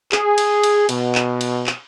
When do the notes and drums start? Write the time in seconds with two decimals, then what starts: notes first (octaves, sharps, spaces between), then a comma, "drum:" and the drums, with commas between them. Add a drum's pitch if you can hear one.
0.12 G#4, drum: clap
0.38 drum: cymbal
0.63 drum: cymbal
0.89 B2, drum: cymbal
1.15 drum: clap
1.41 drum: cymbal
1.67 drum: clap